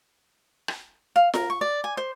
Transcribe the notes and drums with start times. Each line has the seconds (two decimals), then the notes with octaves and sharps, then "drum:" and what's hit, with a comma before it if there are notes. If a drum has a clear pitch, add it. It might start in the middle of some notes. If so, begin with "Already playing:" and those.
0.68 drum: rim click
1.16 F5
1.34 A#4, drum: snare F4
1.50 C#6
1.61 D5
1.84 G#5
1.97 C5